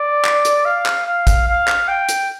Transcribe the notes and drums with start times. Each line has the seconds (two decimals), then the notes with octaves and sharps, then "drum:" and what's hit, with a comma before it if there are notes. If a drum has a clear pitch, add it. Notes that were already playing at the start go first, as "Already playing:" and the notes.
Already playing: D5
0.24 drum: clap
0.45 drum: hi-hat
0.65 F5
0.86 drum: clap
1.06 F5
1.27 drum: kick, hi-hat
1.47 F5
1.68 drum: clap
1.88 G5
2.09 drum: hi-hat